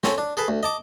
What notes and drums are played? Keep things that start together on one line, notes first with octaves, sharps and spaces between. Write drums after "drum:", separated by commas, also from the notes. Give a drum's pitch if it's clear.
C4 C#4 A4, drum: snare
D4
G#4 A4 B4 A5
D2
D#5 A5 D6